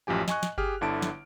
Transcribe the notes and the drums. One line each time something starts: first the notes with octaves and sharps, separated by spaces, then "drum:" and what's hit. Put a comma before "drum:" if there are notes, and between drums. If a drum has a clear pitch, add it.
A1 F#2 F3 G4 G#5
D#5 G#5 C#6 F#6, drum: snare
drum: snare
G4 G#4 F6, drum: kick G1
G1 D3 E4 A5 D7
drum: snare